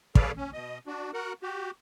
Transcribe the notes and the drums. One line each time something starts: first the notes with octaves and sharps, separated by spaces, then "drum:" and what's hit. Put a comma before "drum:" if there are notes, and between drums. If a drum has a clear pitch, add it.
G#4 A4 B4 C#5 D5 F5, drum: kick
C#4
B2 D#5
D4 F#4
F#4 A#4 F#5
F#4 G4